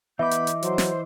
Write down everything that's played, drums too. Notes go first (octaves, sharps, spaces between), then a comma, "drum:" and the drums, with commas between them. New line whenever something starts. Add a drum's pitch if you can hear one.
E3 B3 D#5 E5 B5 D6 G6
drum: hi-hat
drum: hi-hat
F#3 C5 C6, drum: hi-hat
drum: snare